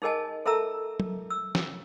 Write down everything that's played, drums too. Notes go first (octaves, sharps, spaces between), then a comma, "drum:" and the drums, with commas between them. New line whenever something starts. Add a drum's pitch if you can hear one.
D#4 G#4 A#4 D#5 G#5 A5
A4 A#4 E5 A5 A#5 E6
drum: tom F#3
E6
drum: snare